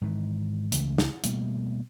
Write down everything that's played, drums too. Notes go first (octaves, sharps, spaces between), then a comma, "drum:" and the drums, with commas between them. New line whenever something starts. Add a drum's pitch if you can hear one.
G#2 D#3 E3
C#2 C#3 E3 A3, drum: hi-hat
drum: snare
B2 G3 A3 A#3, drum: hi-hat